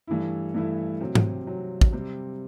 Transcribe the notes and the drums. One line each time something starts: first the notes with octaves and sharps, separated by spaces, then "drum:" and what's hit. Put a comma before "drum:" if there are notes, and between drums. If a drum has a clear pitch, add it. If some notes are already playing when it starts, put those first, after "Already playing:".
G2 E3 A3 E4
G2 E3 A3 E4
C3 F#3 C4
drum: tom
C3 F#3 C4
drum: kick
C3 G3 C4